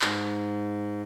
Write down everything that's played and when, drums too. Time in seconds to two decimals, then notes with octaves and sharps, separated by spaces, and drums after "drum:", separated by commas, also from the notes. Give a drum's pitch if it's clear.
0.02 G#2, drum: clap